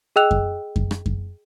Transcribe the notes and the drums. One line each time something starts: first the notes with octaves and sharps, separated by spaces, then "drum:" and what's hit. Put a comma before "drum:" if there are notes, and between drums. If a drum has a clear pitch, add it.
G#4 D#5 G5 E6 F#6 F7
drum: kick F#2
drum: kick F#2
drum: rim click
drum: kick F#2